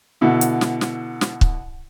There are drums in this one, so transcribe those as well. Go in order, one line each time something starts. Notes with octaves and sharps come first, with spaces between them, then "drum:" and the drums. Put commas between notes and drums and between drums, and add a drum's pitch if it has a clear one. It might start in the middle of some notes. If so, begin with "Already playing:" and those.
B2 D3 E4
drum: hi-hat
drum: snare
drum: snare
drum: snare
drum: kick C#1